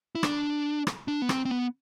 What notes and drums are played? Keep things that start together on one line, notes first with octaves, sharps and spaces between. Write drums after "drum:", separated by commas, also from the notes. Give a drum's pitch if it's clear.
E4
D4, drum: rim click
drum: rim click
D4
B3
C4, drum: rim click
C4
B3